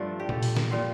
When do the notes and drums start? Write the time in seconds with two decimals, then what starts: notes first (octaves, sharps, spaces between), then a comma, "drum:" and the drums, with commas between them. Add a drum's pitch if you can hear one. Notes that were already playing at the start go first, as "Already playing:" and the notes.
Already playing: G2 F3 A3 D4
0.20 G4
0.29 A4, drum: tom A#2
0.43 drum: open hi-hat
0.57 drum: snare
0.70 A#2 F3 C4